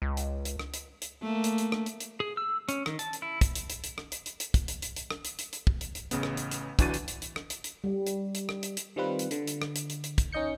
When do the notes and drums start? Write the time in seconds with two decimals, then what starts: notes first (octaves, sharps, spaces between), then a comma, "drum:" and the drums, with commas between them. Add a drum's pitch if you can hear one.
0.02 C#2
0.17 drum: hi-hat
0.45 drum: hi-hat
0.59 drum: rim click
0.74 drum: hi-hat
1.02 drum: hi-hat
1.22 A3 A#3
1.44 drum: hi-hat
1.58 drum: hi-hat
1.72 drum: rim click
1.86 drum: hi-hat
2.00 drum: hi-hat
2.20 G#4
2.37 E6
2.69 C#4, drum: hi-hat
2.86 D#3, drum: rim click
2.99 A5, drum: hi-hat
3.13 drum: hi-hat
3.22 E4
3.41 drum: kick, hi-hat
3.55 drum: hi-hat
3.70 drum: hi-hat
3.84 drum: hi-hat
3.98 drum: rim click
4.12 drum: hi-hat
4.26 drum: hi-hat
4.40 drum: hi-hat
4.54 drum: kick, hi-hat
4.68 drum: hi-hat
4.82 drum: hi-hat
4.96 drum: hi-hat
5.11 drum: rim click
5.25 drum: hi-hat
5.39 drum: hi-hat
5.53 drum: hi-hat
5.67 drum: kick
5.81 drum: hi-hat
5.95 drum: hi-hat
6.11 A1 C#3 B3, drum: hi-hat
6.23 drum: rim click
6.37 drum: hi-hat
6.51 drum: hi-hat
6.79 G1 E3 D4 F#4 A6 D#7, drum: kick, hi-hat
6.94 drum: hi-hat
7.08 drum: hi-hat
7.22 drum: hi-hat
7.36 drum: rim click
7.50 drum: hi-hat
7.64 drum: hi-hat
7.84 G3
8.07 drum: hi-hat
8.35 drum: hi-hat
8.49 drum: rim click
8.63 drum: hi-hat
8.77 drum: hi-hat
8.96 D#3 G3 C4 F4 B4
9.19 drum: hi-hat
9.31 D3, drum: hi-hat
9.47 drum: hi-hat
9.62 drum: rim click
9.76 drum: hi-hat
9.90 drum: hi-hat
10.04 drum: hi-hat
10.18 drum: kick, hi-hat
10.32 C#4 D#4 D#5 G6 C#7